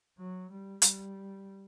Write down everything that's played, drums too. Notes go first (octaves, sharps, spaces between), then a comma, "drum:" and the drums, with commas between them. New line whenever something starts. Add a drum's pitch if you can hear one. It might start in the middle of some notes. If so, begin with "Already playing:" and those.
F#3
G3
G3, drum: hi-hat